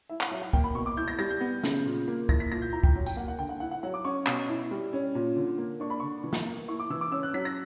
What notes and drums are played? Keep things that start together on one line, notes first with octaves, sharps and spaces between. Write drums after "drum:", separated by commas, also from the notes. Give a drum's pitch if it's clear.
E4 E5
F#5, drum: clap
F#3 E5
F#5
A#3 G5, drum: kick
B5
B2 C#6
D6
E4 G6
A#6
G3 A#6
G6
B3
C#3, drum: snare
A#2
A#3
E4 A#6, drum: kick
B6
A#2 A#6
G6
E4 A#5
G5, drum: kick
F#3
G5, drum: tambourine
A#3 F#5
F#5
D3 G5
F#5
E4 F#5
F#5
F#3 F#5
D6
C#4 C#6
B2, drum: clap
E4
G3
C#4
A#2
D3
A#3
D4 C#6
B5
D3 C#6
E3
drum: snare
A#3
E4 C#6
D6
E3 E6
D6
C#4 E6
F#6
F#3 B6
A#6